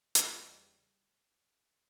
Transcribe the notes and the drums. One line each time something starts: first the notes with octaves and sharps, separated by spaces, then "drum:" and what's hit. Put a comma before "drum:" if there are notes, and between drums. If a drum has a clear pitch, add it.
E2 C#3 G3, drum: hi-hat